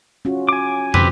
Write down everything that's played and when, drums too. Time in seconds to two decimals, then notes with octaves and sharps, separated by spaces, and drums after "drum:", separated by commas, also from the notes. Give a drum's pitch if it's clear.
0.25 C#4 F4 F#4
0.49 G#5 D6
0.94 C3 F3 C4 G4 B4, drum: tom